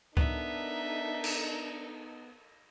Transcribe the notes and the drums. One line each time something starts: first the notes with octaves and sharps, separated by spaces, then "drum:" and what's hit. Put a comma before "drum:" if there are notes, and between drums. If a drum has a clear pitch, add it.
B3 D4 D#4 A4 A#4 E5, drum: kick C#2
drum: cymbal